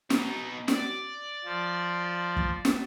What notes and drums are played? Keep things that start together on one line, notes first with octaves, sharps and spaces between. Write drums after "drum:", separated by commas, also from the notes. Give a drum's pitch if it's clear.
B2 D#4, drum: snare
D5, drum: snare
F3
drum: kick
drum: snare